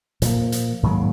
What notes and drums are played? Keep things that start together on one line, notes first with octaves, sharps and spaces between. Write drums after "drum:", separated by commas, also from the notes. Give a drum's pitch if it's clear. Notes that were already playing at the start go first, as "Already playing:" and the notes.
A#2 F3 A#3, drum: hi-hat
drum: hi-hat
G#2 D#3 F#3 A#3